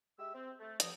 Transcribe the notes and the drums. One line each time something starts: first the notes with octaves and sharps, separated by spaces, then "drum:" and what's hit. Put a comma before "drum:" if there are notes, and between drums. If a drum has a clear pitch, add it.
G#3 G4 E5 E6
C4
A3
G2 F3 D#5, drum: hi-hat